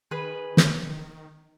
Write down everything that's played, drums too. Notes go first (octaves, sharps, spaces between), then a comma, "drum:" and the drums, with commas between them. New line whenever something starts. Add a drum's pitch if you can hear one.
D#3 G#4 B4
drum: snare